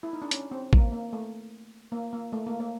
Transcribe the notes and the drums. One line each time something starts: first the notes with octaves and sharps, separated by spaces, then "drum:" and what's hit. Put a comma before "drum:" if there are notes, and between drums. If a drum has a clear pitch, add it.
E4
D#4
D4
C#4, drum: hi-hat
C4
A#3, drum: kick A1
A#3
A3
A#3
A#3
A3
A#3
A#3